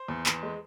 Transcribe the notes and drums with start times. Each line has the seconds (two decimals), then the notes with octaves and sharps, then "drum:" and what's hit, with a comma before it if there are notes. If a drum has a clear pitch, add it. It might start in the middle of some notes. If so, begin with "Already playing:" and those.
Already playing: C5
0.08 E2
0.26 E2, drum: clap
0.43 G#3